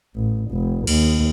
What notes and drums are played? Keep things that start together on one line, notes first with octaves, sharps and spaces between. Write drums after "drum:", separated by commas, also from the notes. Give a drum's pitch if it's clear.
A1
F1
D#2, drum: cymbal